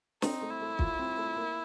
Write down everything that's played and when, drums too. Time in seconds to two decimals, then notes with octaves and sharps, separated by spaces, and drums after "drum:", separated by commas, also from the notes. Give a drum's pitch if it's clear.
0.22 C4 D#4, drum: snare
0.41 A3
0.51 E4
0.61 A3
0.79 F4, drum: kick
0.99 C4
1.17 A3
1.36 A#3